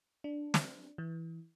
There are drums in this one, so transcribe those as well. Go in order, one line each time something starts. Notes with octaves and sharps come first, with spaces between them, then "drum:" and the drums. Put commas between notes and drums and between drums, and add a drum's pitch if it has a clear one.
D4
drum: snare
E3